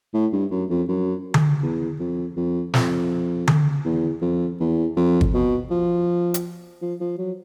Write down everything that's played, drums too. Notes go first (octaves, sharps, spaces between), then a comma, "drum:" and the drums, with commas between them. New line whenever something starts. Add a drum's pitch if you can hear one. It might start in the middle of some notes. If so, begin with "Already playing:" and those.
A2
G2
F#2
F2
F#2
drum: tom D3
E2
F2
F2
F2, drum: snare
drum: tom D3
E2
F2
E2
F2
drum: kick
B2
F3
drum: hi-hat
F3
F3
F#3